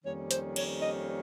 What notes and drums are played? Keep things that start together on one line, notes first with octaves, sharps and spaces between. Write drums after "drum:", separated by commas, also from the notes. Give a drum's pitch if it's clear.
F2 D#3 G3 A#3 C#4 C#5
C5, drum: hi-hat
C#5, drum: cymbal
D#5